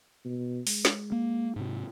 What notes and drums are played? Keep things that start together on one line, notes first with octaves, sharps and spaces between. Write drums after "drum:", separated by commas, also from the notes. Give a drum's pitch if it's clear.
B2
G#3, drum: open hi-hat
drum: snare
A#3
G#2 C3